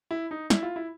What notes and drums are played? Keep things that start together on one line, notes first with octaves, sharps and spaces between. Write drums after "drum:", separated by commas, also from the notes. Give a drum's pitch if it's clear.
E4
D#4
E4, drum: snare
F4
E4